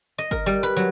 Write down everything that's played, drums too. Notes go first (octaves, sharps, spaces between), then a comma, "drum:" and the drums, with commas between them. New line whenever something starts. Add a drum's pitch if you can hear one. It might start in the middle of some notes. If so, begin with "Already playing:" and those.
D#5
A#4, drum: kick
G3
B4
F#3